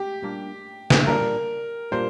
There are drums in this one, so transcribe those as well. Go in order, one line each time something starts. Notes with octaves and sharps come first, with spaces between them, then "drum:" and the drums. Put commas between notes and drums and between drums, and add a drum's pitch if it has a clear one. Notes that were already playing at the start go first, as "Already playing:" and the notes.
Already playing: G4
A#2 G3 A#3 D4
drum: snare
A#2 G3 A#3 D4 A#4
A#2 G3 A#3 D4 C5